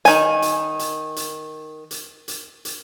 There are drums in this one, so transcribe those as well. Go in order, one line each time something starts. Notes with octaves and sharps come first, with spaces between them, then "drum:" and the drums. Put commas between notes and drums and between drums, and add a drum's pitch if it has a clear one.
D#3 G#5, drum: hi-hat
drum: hi-hat
drum: hi-hat
drum: hi-hat
drum: hi-hat
drum: hi-hat
drum: hi-hat